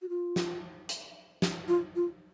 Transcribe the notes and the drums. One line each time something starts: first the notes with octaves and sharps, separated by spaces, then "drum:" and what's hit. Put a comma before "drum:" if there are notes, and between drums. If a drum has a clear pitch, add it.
F#4
F4
drum: snare
drum: hi-hat
drum: snare
F4
F4